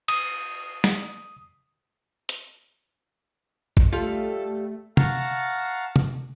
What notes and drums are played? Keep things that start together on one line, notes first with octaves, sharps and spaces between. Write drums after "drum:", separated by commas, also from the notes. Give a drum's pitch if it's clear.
D#6, drum: cymbal
drum: snare
drum: hi-hat
drum: kick
G3 A3 F4 A4 F5
F5 F#5 A5 A#5 C#6 F6, drum: tom C3
drum: tom C3